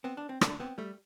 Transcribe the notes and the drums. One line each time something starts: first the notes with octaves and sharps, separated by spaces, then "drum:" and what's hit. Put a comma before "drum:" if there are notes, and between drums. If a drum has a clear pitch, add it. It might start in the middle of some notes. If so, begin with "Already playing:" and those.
B3 C4
D4
C4
A3 D4, drum: rim click
B3 C4
G3 A3